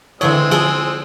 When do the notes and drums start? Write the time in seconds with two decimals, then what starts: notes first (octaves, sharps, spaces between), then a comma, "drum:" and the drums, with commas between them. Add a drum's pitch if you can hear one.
0.21 D3 E3 G#3 C4 C#5 E6, drum: cymbal
0.51 F3 G#4, drum: cymbal